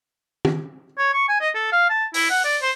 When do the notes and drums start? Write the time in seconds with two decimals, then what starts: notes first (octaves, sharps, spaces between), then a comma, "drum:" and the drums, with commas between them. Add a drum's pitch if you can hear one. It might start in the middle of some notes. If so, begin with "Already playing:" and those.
0.45 drum: tom
0.98 C#5
1.13 C#6
1.28 G#5
1.41 D#5
1.55 A4
1.72 F5
1.89 A5
2.14 E4, drum: open hi-hat
2.30 F#5
2.44 D5
2.62 C5